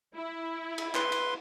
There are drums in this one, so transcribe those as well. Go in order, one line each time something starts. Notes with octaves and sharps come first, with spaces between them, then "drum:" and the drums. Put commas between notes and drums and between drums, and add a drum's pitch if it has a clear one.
E4
drum: cymbal
B4 C6, drum: clap
drum: cymbal